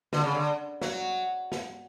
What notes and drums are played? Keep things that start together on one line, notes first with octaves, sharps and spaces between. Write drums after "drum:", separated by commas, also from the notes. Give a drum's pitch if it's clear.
D3, drum: snare
C#3
D3
F#3, drum: snare
drum: snare